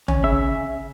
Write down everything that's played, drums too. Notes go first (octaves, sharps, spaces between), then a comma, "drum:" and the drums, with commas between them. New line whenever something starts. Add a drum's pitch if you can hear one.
C#4, drum: tom
C#3 E5